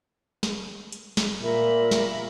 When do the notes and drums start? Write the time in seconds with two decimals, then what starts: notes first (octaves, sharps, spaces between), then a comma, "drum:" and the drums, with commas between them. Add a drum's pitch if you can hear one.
0.43 drum: snare
0.92 drum: hi-hat
1.17 drum: snare
1.42 A#2 A#4 E5 B5
1.91 drum: snare